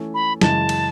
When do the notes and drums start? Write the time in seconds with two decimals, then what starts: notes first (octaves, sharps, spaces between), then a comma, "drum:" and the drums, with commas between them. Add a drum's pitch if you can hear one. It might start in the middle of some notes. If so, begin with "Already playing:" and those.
Already playing: E3 A3 C#4 A4
0.14 B5
0.41 F#2 C#3 E3 G#3 A5, drum: snare
0.69 drum: cymbal